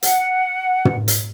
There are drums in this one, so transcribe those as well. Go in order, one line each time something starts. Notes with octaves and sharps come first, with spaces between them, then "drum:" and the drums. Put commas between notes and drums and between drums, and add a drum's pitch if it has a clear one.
F#5, drum: hi-hat
drum: tom
drum: hi-hat